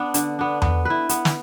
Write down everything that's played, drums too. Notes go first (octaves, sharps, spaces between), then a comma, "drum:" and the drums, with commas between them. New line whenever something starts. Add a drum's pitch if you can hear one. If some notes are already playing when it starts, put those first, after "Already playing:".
Already playing: B3 D4
D3, drum: hi-hat
B3 D4
B3, drum: tom E2
E4 B4
B3, drum: hi-hat
drum: snare